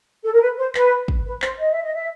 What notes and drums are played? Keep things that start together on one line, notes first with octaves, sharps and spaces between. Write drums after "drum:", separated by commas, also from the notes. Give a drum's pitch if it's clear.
A4
A#4
B4
C5
B4, drum: clap
drum: kick
B4
C5, drum: clap
D#5
E5
D#5
E5